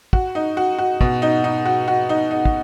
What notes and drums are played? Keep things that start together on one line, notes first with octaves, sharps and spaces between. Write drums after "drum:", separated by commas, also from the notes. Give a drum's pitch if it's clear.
F#4, drum: kick
D#4
F#4
F#4
B2, drum: kick
D#4
D#4
F#4
F#4
D#4
D#4
drum: kick